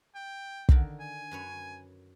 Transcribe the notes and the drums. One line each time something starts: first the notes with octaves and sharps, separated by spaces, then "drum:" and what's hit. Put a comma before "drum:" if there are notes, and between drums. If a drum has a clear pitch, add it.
G5
D3 D#3 D#4, drum: kick
G#5
F#2 B4 C#5